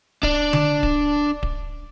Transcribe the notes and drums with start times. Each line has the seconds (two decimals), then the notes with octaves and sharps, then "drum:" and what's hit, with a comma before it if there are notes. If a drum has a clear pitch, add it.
0.23 D4 D5, drum: kick D1
0.53 drum: tom D3
0.83 drum: kick D1
1.43 drum: kick D1